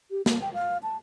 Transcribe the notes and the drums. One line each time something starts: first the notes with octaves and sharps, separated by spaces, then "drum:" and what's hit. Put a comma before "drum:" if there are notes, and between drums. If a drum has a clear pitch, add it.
G4
A#3, drum: snare
G5
F5
A5